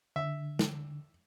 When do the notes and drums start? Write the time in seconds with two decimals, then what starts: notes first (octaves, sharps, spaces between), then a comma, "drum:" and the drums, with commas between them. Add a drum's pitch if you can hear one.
0.16 D3 E5
0.59 drum: snare